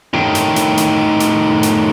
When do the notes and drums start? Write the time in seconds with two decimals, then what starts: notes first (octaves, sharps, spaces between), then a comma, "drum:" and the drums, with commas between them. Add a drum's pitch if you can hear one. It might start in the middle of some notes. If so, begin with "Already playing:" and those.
0.13 A2 D#3, drum: tom G2
0.35 drum: hi-hat
0.56 drum: hi-hat
0.77 drum: hi-hat
1.20 drum: hi-hat
1.63 drum: hi-hat